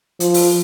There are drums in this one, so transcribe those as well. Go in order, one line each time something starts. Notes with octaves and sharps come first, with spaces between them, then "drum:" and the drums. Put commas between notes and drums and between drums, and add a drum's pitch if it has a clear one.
F3, drum: hi-hat
drum: open hi-hat